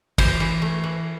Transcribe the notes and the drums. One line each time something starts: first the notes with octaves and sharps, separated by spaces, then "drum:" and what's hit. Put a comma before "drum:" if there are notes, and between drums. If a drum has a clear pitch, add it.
E3 C5, drum: kick, cymbal
E3
A3
E3